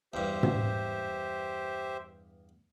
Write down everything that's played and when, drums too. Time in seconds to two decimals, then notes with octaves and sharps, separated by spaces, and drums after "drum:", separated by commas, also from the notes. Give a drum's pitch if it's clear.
0.14 E2 G2 G4 C5 E5
0.43 drum: tom